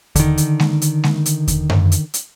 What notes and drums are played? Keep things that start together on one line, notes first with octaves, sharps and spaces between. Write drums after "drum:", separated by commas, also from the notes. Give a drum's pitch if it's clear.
D3 D#3, drum: kick D#2, hi-hat
drum: hi-hat
drum: snare G#3
drum: hi-hat
drum: snare G#3
drum: hi-hat
drum: kick D#2, hi-hat
drum: tom F#2
drum: hi-hat
drum: hi-hat